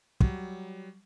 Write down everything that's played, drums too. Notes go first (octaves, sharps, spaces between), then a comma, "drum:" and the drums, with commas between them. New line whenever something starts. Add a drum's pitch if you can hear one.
F#3 G3, drum: kick